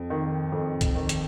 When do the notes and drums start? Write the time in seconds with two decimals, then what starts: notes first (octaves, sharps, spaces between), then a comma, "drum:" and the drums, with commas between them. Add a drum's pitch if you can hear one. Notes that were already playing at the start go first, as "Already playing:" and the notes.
Already playing: F2
0.10 D#3
0.52 F2
0.81 drum: kick B1, hi-hat
0.95 D#3
1.09 drum: hi-hat